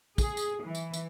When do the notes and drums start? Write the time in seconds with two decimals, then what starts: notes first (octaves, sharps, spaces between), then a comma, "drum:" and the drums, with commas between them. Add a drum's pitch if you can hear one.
0.18 G#4, drum: kick, tambourine
0.37 drum: tambourine
0.65 E3
0.75 drum: tambourine
0.94 drum: tambourine